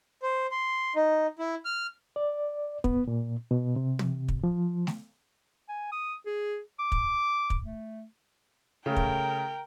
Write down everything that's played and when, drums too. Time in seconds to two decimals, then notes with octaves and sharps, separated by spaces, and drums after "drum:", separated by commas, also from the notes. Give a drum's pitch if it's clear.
0.23 C5
0.51 C6
0.96 D#4
1.39 E4
1.65 F6
2.16 D5
2.84 B3, drum: kick
3.07 A#2
3.51 B2
3.76 C3
3.99 drum: tom
4.28 drum: kick
4.44 F3
4.87 drum: snare A3
5.69 G#5
5.92 D#6
6.26 G#4
6.79 D6
6.92 drum: kick
7.50 drum: kick
7.65 A3
8.86 C#3 A3 A#4 G5
8.96 drum: kick